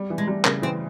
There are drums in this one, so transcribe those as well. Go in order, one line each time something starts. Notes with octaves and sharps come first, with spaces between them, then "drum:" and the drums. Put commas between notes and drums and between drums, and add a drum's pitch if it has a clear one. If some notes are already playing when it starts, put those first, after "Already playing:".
Already playing: G3
E3
G#3
G3
C#3 A#3, drum: clap
E3 C4